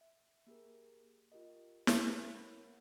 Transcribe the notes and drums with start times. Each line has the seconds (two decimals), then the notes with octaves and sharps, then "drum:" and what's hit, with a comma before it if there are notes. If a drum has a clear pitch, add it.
0.01 E5
0.47 A#3 G4 G#4 A#4
1.32 F4 G4 A#4 D#5
1.87 C5 C#7, drum: snare
2.33 A#4 C#5 F#5 B5 G6